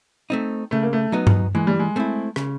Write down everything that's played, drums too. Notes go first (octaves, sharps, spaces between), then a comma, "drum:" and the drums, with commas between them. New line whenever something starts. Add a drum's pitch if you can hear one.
A3 C4 D#4
C#3 A3
A#3
A3
F#3 B3 D#4
drum: tom G2
E3 G#3
G3
G#3
A3 C4 E4
C#3, drum: rim click